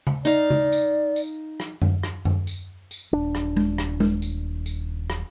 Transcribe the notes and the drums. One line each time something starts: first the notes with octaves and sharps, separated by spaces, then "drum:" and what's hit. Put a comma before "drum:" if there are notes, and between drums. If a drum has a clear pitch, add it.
drum: tom C#3
D#4 D5 F5
drum: tom C#3
drum: tambourine
drum: tambourine
drum: rim click
drum: tom F#2
drum: rim click
drum: tom F#2
drum: tambourine
drum: tambourine
D#1 D4
drum: rim click
drum: tom G#3
drum: rim click
drum: tom G#3
drum: tambourine
drum: tambourine
drum: rim click